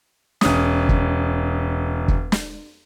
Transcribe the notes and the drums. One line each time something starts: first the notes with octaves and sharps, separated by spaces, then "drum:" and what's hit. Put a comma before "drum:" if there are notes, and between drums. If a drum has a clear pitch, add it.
E1 C#4 D#6, drum: snare
drum: kick
drum: kick
drum: snare